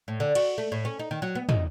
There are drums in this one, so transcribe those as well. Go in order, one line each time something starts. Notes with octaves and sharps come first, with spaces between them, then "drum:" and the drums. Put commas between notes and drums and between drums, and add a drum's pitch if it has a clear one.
A2
D3
F#4, drum: cymbal
A3
A2
C#4
D#4
D#3
F#3
B3
D#4, drum: tom